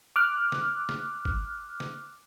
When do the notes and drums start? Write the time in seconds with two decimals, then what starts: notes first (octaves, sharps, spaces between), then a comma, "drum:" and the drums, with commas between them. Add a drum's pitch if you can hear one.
0.16 D6 F6 F#6
0.52 drum: snare
0.89 drum: snare
1.25 drum: kick
1.80 drum: snare